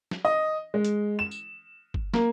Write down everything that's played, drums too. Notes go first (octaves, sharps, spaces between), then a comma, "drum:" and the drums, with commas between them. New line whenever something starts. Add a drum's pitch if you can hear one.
drum: snare
D#5
G#3
drum: hi-hat
E7
drum: tambourine
drum: kick
A#3, drum: snare